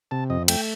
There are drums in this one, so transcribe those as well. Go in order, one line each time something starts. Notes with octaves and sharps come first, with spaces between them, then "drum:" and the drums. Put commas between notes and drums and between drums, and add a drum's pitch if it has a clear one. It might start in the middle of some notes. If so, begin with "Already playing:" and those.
C3 A5
F2 D#5
A3 G5, drum: cymbal